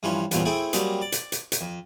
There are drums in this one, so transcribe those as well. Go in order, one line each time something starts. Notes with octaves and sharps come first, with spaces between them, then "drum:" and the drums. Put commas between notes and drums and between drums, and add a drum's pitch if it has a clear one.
G2 E3 F3 C#4 C6
E2 G2 A#2 F3 F#3 C4, drum: hi-hat
A3 C4 E4 G#4 G5 G#5
F#3 G3 A#3 C4 G#4, drum: hi-hat
D5
drum: hi-hat
drum: hi-hat
drum: hi-hat
F2